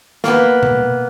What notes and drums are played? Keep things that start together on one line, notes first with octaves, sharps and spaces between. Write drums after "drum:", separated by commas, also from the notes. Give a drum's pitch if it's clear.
A#3 B3, drum: snare
drum: tom B2